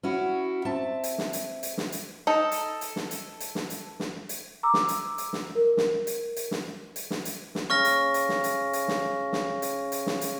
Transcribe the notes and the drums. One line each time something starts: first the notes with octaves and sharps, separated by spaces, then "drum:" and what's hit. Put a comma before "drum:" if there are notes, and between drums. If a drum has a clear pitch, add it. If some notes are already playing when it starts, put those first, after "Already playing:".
C#4 E4 F#4
C4 E5 A5
drum: hi-hat
drum: snare
drum: hi-hat
drum: hi-hat
drum: snare
drum: hi-hat
D#4 A4
drum: hi-hat
drum: hi-hat
drum: snare
drum: hi-hat
drum: hi-hat
drum: snare
drum: hi-hat
drum: snare
drum: hi-hat
A#5 D6 E6
drum: snare
drum: hi-hat
drum: hi-hat
drum: snare
A#4
drum: snare
drum: hi-hat
drum: hi-hat
drum: snare
drum: hi-hat
drum: snare
drum: hi-hat
drum: snare
C#3 C#6 F6 A#6
drum: hi-hat
drum: hi-hat
drum: snare
drum: hi-hat
drum: hi-hat
drum: snare
drum: snare
drum: hi-hat
drum: hi-hat
drum: snare
drum: hi-hat